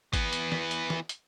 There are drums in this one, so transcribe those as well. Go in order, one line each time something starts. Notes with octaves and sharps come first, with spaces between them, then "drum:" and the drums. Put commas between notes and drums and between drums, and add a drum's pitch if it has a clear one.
E3 B3, drum: kick, hi-hat
drum: hi-hat
drum: snare
drum: hi-hat
drum: snare
drum: hi-hat